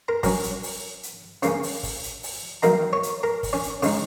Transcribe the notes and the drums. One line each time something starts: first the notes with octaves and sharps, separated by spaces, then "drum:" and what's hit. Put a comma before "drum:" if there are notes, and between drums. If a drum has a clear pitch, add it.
A#4 A#5
F#3 C#4 A#4 A#5, drum: kick, open hi-hat
drum: hi-hat
drum: open hi-hat
drum: hi-hat
C#3 A#3 C#4 C#5 C#6, drum: hi-hat
drum: open hi-hat
drum: kick, open hi-hat
drum: hi-hat
drum: open hi-hat
D#3 F#3 A#3 D#4 A#4 A#5, drum: hi-hat
C#5 C#6
drum: hi-hat
A#4 A#5
drum: kick, open hi-hat
C#4 C#5
drum: hi-hat
C#3 G#3 D#4 C#5 C#6, drum: open hi-hat